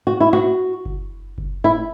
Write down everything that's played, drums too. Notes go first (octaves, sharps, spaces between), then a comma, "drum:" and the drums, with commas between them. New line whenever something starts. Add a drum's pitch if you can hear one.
F#4
E4
F#4, drum: rim click
drum: kick F#1
drum: kick F#1
E4